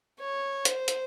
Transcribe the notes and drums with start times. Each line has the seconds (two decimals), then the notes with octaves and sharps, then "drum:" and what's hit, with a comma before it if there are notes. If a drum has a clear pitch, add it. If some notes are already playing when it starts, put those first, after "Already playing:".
0.20 C#5
0.65 C5, drum: hi-hat
0.88 drum: hi-hat